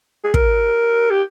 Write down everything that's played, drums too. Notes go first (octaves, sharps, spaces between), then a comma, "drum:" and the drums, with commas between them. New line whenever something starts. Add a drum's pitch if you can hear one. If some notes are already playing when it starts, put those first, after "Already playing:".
G#4
A#4, drum: kick
G4